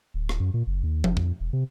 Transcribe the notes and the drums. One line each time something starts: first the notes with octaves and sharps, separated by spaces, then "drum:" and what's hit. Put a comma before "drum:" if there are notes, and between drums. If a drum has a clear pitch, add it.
D1
drum: rim click
F#2
A#2
F#1
D#2
F1, drum: tom F3
F2, drum: kick
E1
C3